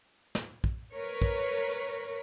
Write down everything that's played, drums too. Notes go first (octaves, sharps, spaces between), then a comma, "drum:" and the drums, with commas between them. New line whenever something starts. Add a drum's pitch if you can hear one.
drum: snare
drum: kick
A#4 B4 C#5
drum: kick